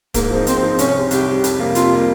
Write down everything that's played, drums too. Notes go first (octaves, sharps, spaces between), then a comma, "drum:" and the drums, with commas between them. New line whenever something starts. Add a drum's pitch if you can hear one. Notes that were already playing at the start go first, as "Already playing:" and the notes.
G#2 A#3, drum: kick, hi-hat
F3 C4 D#4
G#2 C4, drum: hi-hat
F3 C4 D#4
C2 C#4, drum: hi-hat
C3 G3
C2 G4, drum: hi-hat
C3 G3
F2, drum: hi-hat
C3 G3 A#3
F2 F4, drum: hi-hat
C3 G3 A#3